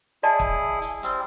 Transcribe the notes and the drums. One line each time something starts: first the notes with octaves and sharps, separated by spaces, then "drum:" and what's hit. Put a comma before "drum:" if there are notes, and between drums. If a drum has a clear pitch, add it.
E4 G#4 D5 D#5 A5
drum: kick
drum: hi-hat
G3 C4, drum: hi-hat